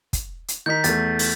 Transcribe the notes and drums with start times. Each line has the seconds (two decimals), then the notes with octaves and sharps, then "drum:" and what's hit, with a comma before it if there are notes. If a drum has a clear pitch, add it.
0.13 drum: kick, hi-hat
0.48 drum: hi-hat
0.66 D#3 D#4 G6 B6
0.84 E2 A3 A6, drum: hi-hat
1.19 drum: open hi-hat